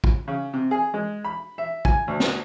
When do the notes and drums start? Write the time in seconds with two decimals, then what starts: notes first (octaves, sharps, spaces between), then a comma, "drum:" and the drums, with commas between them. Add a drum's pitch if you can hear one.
0.04 drum: kick
0.28 C#3
0.54 C3
0.71 G#4
0.94 G#3
1.25 B5
1.58 E5
1.85 G#5, drum: kick
2.08 D2
2.20 drum: snare